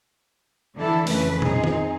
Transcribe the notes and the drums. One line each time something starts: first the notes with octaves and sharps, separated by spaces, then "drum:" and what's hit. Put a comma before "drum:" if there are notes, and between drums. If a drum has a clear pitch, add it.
D3 E3 D4 E4 A4
F2 C#3 E3 A3 B4, drum: open hi-hat
C4 D#4 G#4, drum: tom
drum: tom D#3